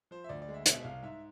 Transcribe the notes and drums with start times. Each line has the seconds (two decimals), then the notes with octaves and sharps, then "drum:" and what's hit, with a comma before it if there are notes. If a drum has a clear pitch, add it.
0.11 F3 C5
0.24 E5
0.29 D2 D5
0.42 D5
0.49 G#3
0.54 E5
0.66 B2 E5, drum: hi-hat
0.80 E5
0.84 C2 F5
1.02 G#2 E5